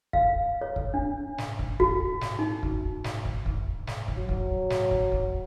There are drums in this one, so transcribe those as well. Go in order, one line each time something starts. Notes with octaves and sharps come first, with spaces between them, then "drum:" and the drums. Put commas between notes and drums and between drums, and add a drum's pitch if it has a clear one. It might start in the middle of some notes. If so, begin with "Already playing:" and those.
F5, drum: kick
C#5
drum: kick
D4
drum: snare
drum: kick
F#4, drum: kick
drum: snare
D#4
drum: kick
drum: snare
drum: kick
drum: kick
drum: snare
drum: kick
F#3
drum: kick
drum: snare
drum: kick
drum: kick